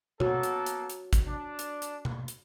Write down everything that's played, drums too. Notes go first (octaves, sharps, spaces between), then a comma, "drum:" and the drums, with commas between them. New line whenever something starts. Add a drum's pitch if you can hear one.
A#3 B3 F#4 A4 C#5, drum: tom B2
drum: hi-hat
drum: hi-hat
drum: hi-hat
drum: kick, hi-hat
D4
drum: hi-hat
drum: hi-hat
drum: tom B2
drum: hi-hat